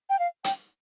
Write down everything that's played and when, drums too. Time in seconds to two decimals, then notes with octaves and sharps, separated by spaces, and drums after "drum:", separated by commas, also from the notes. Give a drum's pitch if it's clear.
0.10 G5
0.19 F5
0.44 G5, drum: hi-hat